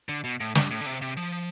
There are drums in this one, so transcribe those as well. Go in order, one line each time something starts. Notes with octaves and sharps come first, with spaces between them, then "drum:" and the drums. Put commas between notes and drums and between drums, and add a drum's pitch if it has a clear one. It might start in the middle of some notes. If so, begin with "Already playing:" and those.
D3
B2
A2
G2, drum: snare
A2
D3
C3
C3
F3